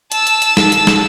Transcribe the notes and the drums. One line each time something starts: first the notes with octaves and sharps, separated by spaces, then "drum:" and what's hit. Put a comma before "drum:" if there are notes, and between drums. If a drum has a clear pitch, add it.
A5 E6, drum: hi-hat
drum: hi-hat
drum: hi-hat
drum: snare
drum: hi-hat
drum: snare